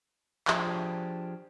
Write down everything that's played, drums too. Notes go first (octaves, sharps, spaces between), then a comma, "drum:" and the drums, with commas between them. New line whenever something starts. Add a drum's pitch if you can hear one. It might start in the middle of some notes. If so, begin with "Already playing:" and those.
F3 D4 F4 G4 G#4 C5, drum: clap